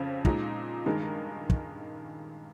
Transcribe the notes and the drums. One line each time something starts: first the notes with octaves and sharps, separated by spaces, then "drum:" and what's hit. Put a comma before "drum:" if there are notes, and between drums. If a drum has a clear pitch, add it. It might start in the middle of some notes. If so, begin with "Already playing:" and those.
Already playing: F2 C#3 F3 C4
A#2 G#3 D#4, drum: kick
G2 D#3 G#3 D#4 A#4
drum: kick